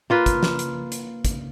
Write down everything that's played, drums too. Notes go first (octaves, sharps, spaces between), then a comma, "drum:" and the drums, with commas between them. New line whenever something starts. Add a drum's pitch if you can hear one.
A#3 F4 B4
drum: kick, hi-hat
drum: snare
drum: hi-hat
drum: hi-hat
drum: kick, hi-hat